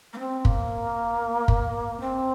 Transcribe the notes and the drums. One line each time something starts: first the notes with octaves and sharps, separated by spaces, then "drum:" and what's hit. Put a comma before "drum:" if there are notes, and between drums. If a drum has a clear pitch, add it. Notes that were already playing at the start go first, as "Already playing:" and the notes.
A#3
C4
A#3, drum: kick
drum: kick
C4